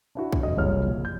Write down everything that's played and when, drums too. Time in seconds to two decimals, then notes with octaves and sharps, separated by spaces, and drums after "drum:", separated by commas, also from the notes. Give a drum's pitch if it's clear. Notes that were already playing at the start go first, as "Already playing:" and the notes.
0.15 D4 E4 F#4
0.32 drum: kick
0.43 F1 D#5
0.57 F#1 C2 F4 C#5 F6
0.86 A#1
1.05 G6